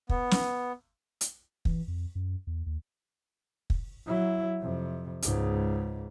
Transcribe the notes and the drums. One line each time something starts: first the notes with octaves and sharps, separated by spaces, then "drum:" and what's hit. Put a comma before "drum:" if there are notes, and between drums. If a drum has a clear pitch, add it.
B3, drum: kick
drum: snare
drum: hi-hat
E3, drum: kick
F2
F#2
E2
D#2
drum: kick
F#3 E4
F2 C3
C#2 G#2, drum: hi-hat